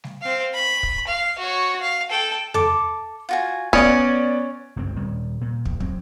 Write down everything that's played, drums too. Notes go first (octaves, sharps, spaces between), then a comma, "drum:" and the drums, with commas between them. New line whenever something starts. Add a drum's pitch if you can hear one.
drum: snare G3
C4 F5
B5
drum: kick
F5
F#4 C#5
F5
A4 G5
A4 D6, drum: tom E2
F4 F#4 G#5
B3 C#4 D5 D#6 G#6, drum: kick
G1 C#2 F#2 C4
D#1 A#2 G3
A#2
E2, drum: kick
F#3 C4, drum: kick